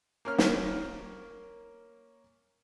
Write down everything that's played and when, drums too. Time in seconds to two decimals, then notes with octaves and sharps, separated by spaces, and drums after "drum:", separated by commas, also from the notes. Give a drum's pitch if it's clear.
0.25 A#3 C#4 F6
0.38 drum: snare